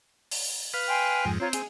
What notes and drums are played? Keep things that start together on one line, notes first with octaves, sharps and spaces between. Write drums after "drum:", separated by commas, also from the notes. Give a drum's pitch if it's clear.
drum: open hi-hat
B4 F5
G5 G#5 C6
F2 G#2
C4 F4 C#5 A#5
G#4, drum: hi-hat